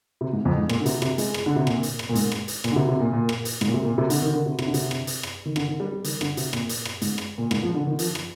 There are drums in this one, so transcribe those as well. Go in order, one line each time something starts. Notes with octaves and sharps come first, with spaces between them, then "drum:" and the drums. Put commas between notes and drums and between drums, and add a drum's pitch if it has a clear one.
C3
G#2
F2
G#2
A#2, drum: rim click
D3
C3, drum: hi-hat
C3, drum: rim click
G#3, drum: hi-hat
drum: rim click
D3
C3
A#2, drum: rim click
drum: hi-hat
drum: rim click
A#2
G#2, drum: hi-hat
drum: rim click
drum: hi-hat
A#2, drum: rim click
D3
C3
C3
A#2
A#2
drum: rim click
drum: hi-hat
G#2, drum: rim click
A#2
C3
A#2
C3
D3, drum: hi-hat
D#3
D3
C3
C3, drum: rim click
D3
C3, drum: hi-hat
drum: rim click
drum: hi-hat
drum: rim click
D#3
D3, drum: rim click
D#3
G3
G3
D#3, drum: hi-hat
D3, drum: rim click
C3, drum: hi-hat
A#2, drum: rim click
drum: hi-hat
drum: rim click
G#2, drum: hi-hat
drum: rim click
A#2
G#2, drum: rim click
F3
D3
D#3
F3, drum: hi-hat
drum: rim click